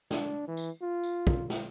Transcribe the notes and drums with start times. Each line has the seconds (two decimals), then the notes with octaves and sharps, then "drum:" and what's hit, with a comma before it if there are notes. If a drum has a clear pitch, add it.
0.11 D4, drum: snare
0.48 E3
0.57 drum: tambourine
0.82 F4
1.04 drum: tambourine
1.27 drum: kick
1.50 drum: snare